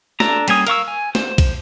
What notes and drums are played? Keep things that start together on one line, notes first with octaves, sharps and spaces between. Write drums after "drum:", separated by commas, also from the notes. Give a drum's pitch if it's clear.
D4 A4 A#5, drum: snare
G3 A#3 C#4 G#5 D#6, drum: cymbal
A#4 F5 C#6 E6, drum: cymbal
G#5
C5, drum: snare
drum: kick B1, cymbal